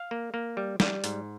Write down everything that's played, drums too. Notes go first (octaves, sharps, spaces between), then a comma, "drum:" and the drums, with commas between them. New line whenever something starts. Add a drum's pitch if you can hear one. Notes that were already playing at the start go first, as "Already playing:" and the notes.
Already playing: F5
A#3
A#3
G3
G3, drum: snare
G#2, drum: hi-hat